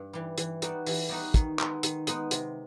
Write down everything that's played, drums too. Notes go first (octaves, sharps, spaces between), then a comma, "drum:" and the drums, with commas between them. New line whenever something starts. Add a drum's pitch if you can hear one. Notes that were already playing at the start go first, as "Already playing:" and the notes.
Already playing: G2
E3 G3
E3, drum: hi-hat
G3 B3 D#4 F#4, drum: hi-hat
E3, drum: open hi-hat
G3 B3 D#4 F#4
D#3, drum: kick, hi-hat
G#3 B3 D#4, drum: clap
D#3, drum: hi-hat
G#3 B3 D#4, drum: hi-hat
C3, drum: hi-hat